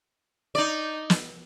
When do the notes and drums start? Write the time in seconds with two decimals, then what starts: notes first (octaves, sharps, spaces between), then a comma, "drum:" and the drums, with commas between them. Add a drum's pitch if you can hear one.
0.55 D#4 D5
1.10 drum: snare